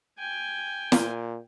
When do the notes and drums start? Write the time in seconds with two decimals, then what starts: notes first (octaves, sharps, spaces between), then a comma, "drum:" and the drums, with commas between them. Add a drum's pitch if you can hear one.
0.19 G5 G#5
0.92 A#2, drum: snare